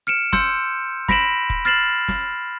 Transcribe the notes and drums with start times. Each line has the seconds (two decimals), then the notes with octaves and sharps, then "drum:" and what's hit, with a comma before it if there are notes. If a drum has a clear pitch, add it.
0.07 F6 C#7 D7 E7
0.33 C6 E6 G6 C#7, drum: snare
1.08 B5 A#6 B6 D7 E7 F#7, drum: snare
1.50 drum: kick
1.65 F6 A6 C7 E7 F#7
2.08 drum: snare